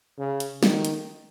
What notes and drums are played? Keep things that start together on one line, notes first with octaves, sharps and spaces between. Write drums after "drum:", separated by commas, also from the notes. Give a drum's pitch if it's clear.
C#3
drum: hi-hat
D#3, drum: snare
drum: hi-hat